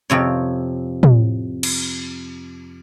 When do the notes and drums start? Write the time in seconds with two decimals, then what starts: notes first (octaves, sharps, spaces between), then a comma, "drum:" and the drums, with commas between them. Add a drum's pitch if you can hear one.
0.10 F2 C3 C#5
1.03 drum: tom
1.63 drum: cymbal